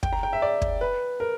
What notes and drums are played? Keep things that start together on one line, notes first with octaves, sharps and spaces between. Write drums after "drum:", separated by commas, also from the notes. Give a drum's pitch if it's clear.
G5, drum: kick
A#5
G5
E5
D5
drum: kick
B4
A#4